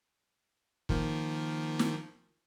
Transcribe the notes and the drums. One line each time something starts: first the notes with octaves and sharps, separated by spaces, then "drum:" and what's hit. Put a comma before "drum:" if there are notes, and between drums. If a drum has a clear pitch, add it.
D#3 F3 A#3, drum: kick
drum: snare